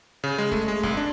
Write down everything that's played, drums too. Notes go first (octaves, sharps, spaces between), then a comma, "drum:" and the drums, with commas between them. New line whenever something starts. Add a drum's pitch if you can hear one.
C#3
G#3
A3, drum: kick
G#3
C2, drum: kick
D4